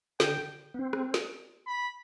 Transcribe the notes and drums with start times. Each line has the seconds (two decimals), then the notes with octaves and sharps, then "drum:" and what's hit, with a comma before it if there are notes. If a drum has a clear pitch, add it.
0.20 D3 G5, drum: snare
0.74 B3
0.79 C4
0.93 drum: rim click
1.14 drum: snare
1.67 B5